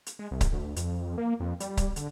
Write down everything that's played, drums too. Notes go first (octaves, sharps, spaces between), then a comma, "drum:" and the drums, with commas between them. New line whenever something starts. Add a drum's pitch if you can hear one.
drum: hi-hat
G#3
C2
drum: kick C#1, hi-hat
D2
F2, drum: hi-hat
A#3
F2
G3, drum: hi-hat
drum: kick C#1, hi-hat
D3, drum: hi-hat